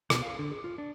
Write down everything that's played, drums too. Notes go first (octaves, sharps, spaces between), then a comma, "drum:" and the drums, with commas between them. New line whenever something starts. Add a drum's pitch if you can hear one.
B2, drum: rim click
F5
D3
G#4
F4
D4